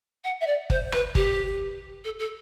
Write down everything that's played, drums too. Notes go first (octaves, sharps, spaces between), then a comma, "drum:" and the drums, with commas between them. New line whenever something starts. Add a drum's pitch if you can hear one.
F#5
E5
D5
C5, drum: kick G1
B4, drum: rim click
G4, drum: kick G1
A4
A4